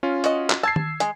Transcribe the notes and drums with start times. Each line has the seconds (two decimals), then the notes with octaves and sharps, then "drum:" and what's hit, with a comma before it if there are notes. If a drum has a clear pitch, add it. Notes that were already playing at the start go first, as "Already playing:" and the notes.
0.03 C#4 F4
0.24 F#4 D#5, drum: hi-hat
0.50 drum: clap
0.63 A5 E6 G#6 C7
0.76 drum: tom D#3
1.00 G#3, drum: hi-hat